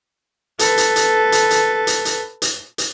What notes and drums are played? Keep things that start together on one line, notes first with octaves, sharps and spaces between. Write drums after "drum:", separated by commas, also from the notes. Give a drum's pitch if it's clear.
A4 B4, drum: hi-hat
drum: hi-hat
drum: hi-hat
drum: hi-hat
drum: hi-hat
drum: hi-hat
drum: hi-hat
drum: hi-hat
drum: hi-hat